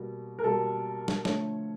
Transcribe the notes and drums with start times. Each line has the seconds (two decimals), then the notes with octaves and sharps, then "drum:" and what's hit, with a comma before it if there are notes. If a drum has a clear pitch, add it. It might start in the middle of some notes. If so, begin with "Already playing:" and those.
Already playing: B2 G3 A#3
0.39 A#4
0.44 B2 G3 A#3 A4
1.08 drum: snare
1.25 D3 F3 A3 C#5, drum: snare